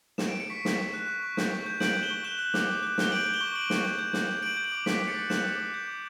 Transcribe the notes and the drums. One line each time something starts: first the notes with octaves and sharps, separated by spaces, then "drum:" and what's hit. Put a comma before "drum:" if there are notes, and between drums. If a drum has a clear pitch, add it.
E7, drum: snare
D7
C#7
C#6 B6
C#6, drum: snare
C#6
F#6
C#6
C#6
G6, drum: snare
C#6
G6
G6 D7 F#7, drum: snare
G6
E7 G7
C#6
F#6 E7 G7
F#6
D6, drum: snare
D6
F#6
D6 G7, drum: snare
G6 D7 F#7
G6
E7 G7
C#6
C#6 D7 F#7
C#6, drum: snare
G6
G6
G6, drum: snare
G6
G6 D7 F#7
G6
D7 F#7
D6
D6 B6 D7, drum: snare
D6
A6 C#7
F#6
F#6 C#7 E7, drum: snare
D6
D6
G6
D6